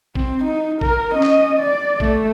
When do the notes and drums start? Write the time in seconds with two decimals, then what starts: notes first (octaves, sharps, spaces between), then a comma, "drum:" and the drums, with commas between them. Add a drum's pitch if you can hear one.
0.15 C4, drum: kick G#1
0.44 D#4
0.81 A#4, drum: kick G#1
1.13 C#4 D#5
1.23 drum: clap
1.59 D5
2.00 A3, drum: kick G#1